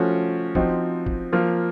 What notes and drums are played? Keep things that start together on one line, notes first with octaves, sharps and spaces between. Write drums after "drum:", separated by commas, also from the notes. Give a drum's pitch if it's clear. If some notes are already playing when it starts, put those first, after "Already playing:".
Already playing: F3 A3 C#4 F#4
F3 C4 D#4 F#4, drum: kick
drum: kick
F3 A#3 F4